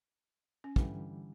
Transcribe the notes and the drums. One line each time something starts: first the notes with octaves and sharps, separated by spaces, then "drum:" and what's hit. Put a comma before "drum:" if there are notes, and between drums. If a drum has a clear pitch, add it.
C#4
D3 E3 G3, drum: kick